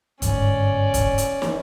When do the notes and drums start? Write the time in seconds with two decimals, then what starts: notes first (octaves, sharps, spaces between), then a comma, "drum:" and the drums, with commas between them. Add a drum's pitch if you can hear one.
0.22 G1 G#2 C#4 D5, drum: kick E1, hi-hat
0.94 drum: kick E1, hi-hat
1.18 drum: hi-hat
1.42 drum: snare